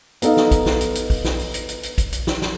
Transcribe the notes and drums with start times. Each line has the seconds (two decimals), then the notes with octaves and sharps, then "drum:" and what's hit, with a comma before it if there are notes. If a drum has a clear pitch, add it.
0.22 B3 D#4 A4 D#5 F5, drum: hi-hat
0.37 drum: snare
0.51 drum: kick, hi-hat
0.66 drum: snare
0.81 drum: hi-hat
0.95 drum: hi-hat
1.10 drum: kick, open hi-hat
1.25 drum: snare
1.39 drum: open hi-hat
1.54 drum: hi-hat
1.69 drum: hi-hat
1.83 drum: hi-hat
1.98 drum: kick, hi-hat
2.12 drum: hi-hat
2.27 drum: snare
2.42 drum: snare